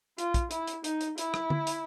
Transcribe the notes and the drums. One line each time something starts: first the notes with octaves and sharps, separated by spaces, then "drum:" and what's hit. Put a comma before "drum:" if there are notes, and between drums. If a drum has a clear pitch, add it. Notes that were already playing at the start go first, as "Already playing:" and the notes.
F4, drum: hi-hat
drum: kick, hi-hat
E4, drum: hi-hat
drum: hi-hat
D#4, drum: hi-hat
drum: hi-hat
E4, drum: hi-hat
drum: rim click
drum: tom
drum: hi-hat